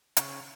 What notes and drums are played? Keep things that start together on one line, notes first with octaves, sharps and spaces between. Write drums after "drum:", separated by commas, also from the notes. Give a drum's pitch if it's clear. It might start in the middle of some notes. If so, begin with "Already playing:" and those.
C#3, drum: hi-hat